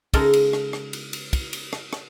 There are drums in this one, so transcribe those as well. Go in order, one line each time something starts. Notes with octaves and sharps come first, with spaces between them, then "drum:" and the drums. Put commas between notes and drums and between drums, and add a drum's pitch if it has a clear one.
C#3 G#3 D#4 A4 A#4, drum: kick, cymbal
drum: cymbal
drum: rim click
drum: rim click
drum: cymbal
drum: cymbal
drum: kick, cymbal
drum: cymbal
drum: rim click
drum: rim click